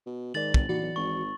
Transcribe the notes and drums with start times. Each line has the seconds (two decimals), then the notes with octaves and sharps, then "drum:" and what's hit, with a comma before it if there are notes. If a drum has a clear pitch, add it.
0.06 B2
0.34 G#2 D#3 A#4 D5 A6 F#7
0.54 G1, drum: kick
0.69 D#2 E3 F#4 D5
0.81 B1
0.96 G#1 C#6